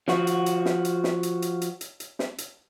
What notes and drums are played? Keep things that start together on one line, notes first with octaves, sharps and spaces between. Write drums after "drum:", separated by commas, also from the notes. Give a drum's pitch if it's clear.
F3 F#4, drum: snare
drum: hi-hat
drum: hi-hat
drum: snare
drum: hi-hat
drum: snare
drum: hi-hat
drum: hi-hat
drum: hi-hat
drum: hi-hat
drum: hi-hat
drum: snare
drum: hi-hat